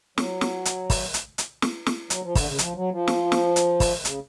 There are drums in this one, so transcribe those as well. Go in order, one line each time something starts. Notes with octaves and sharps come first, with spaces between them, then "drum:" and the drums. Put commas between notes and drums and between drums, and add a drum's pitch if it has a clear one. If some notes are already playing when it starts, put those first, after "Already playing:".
F#3, drum: snare
drum: snare
drum: hi-hat
drum: kick, open hi-hat
drum: hi-hat
drum: hi-hat
drum: snare
drum: snare
F#3, drum: hi-hat
F3
D3, drum: kick, open hi-hat
C#3
F3, drum: hi-hat
F#3
F3
drum: snare
drum: snare
drum: hi-hat
drum: kick, open hi-hat
C#3, drum: hi-hat